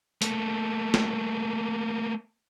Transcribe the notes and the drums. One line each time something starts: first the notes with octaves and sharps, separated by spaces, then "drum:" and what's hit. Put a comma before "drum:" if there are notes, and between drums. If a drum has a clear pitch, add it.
A3 A#3, drum: hi-hat
drum: snare